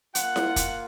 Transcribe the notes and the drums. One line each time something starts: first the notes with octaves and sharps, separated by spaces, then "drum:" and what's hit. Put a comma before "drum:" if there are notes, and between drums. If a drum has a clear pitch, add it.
A#3 F4 F#5, drum: hi-hat
drum: snare E4
drum: kick, hi-hat